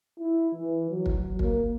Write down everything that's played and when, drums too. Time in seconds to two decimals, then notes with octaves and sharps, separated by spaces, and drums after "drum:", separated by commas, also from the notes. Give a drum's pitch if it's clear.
0.19 E4
0.54 E3
0.90 F#3
1.06 drum: kick
1.39 A#3, drum: kick